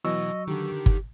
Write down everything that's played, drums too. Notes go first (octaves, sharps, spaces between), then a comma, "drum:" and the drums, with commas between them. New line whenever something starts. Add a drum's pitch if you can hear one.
B2 E3 F#3 D#5 C#6 E6
D3 D#3 G4
drum: kick G1